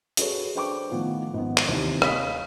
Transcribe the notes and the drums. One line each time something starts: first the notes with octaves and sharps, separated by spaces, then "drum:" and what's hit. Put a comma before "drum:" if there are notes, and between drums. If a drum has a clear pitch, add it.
F#4 G#4 A4 B4 C#5, drum: hi-hat
D4 B4 C5 G5 C#6 D6
A2 D#3 F3 B3
G#1 B3
drum: clap
D#2 C3 E3
C#5 D#5 F5 B5 D#6 B6, drum: rim click